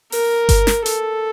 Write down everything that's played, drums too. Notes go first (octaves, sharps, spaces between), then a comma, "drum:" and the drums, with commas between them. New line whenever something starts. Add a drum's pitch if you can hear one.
A#4, drum: open hi-hat
drum: kick G1, hi-hat
drum: snare
A4, drum: hi-hat